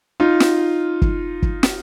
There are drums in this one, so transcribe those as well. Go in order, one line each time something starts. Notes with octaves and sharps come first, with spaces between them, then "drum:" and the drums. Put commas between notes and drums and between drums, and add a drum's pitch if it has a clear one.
D#4 F4
drum: snare
drum: kick
drum: kick
drum: snare